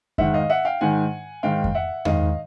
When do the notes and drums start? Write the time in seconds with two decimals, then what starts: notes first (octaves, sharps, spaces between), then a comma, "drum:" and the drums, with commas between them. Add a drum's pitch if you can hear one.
0.18 G#2 D#3 E5 F#5, drum: kick F2
0.34 D#5 F5
0.50 E5 F#5
0.65 F5 G5
0.81 G#2 D#3 F#5 G#5
1.43 G#2 D#3 F5 G5
1.64 drum: kick F2
1.75 E5 F#5
2.05 G#2 D#3 D#5 F5, drum: tom E2